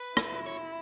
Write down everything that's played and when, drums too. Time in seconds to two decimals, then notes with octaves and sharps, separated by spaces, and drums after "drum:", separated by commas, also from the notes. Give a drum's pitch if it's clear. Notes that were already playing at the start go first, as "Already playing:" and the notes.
Already playing: B4
0.17 E4, drum: rim click
0.46 C#5